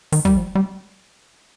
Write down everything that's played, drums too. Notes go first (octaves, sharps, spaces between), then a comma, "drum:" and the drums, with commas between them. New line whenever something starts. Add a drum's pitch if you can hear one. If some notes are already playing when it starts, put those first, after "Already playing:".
D#3, drum: open hi-hat
G3, drum: kick
F3
G3